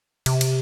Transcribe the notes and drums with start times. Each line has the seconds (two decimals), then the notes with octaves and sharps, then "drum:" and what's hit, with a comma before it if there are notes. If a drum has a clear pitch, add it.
0.26 C3, drum: cymbal
0.41 drum: cymbal